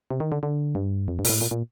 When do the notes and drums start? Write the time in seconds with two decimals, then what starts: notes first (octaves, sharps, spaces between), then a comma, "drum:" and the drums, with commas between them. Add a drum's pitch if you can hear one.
0.11 C3
0.20 D#3
0.32 D3
0.43 D3
0.75 G2
1.08 F2
1.19 G2
1.25 A#2, drum: open hi-hat
1.29 A2
1.41 A#2
1.51 A#2